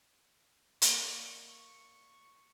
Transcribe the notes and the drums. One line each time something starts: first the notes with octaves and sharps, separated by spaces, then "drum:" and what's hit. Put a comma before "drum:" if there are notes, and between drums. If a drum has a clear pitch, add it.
A#3 C#5 D5 C#6, drum: hi-hat